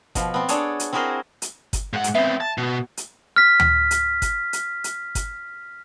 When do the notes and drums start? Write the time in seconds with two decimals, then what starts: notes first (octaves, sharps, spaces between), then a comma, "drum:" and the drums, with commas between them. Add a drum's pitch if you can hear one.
0.15 B2 F3, drum: kick G1, hi-hat
0.34 B3 C4
0.48 D4 G#4 A4 C#5 D5, drum: hi-hat
0.80 drum: hi-hat
0.93 C4 E4 F#4 G#4 A#4 C5
1.42 drum: hi-hat
1.73 drum: kick G1, hi-hat
1.93 G#2 F#5
2.04 drum: hi-hat
2.15 B3 C4 E5
2.41 A5
2.58 B2
2.97 drum: hi-hat
3.36 F6 B6
3.60 drum: tom D2
3.91 drum: hi-hat
4.22 drum: kick G1, hi-hat
4.53 drum: hi-hat
4.84 drum: hi-hat
5.15 drum: kick G1, hi-hat